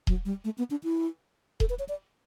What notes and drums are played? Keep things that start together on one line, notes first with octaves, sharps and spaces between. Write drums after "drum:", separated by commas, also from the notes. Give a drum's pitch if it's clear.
F#3, drum: kick D#1
G3
A3
B3
D4
E4
A4, drum: kick D#1
B4
C#5
D5